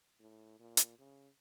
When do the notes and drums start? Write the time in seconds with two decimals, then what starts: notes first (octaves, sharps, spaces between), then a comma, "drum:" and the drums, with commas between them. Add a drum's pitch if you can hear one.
0.20 A2
0.59 A#2
0.77 drum: hi-hat
0.99 C#3